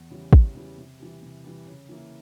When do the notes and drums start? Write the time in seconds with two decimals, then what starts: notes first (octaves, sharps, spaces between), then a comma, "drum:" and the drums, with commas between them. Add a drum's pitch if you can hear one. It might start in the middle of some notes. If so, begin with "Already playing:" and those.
Already playing: E2
0.10 C#3 E3 G3
0.33 E2, drum: kick
0.55 C#3 E3 G3
0.78 C3
0.99 E3 G3
1.22 C3
1.44 E3 G3
1.66 C#3
1.89 E3 A#3 E4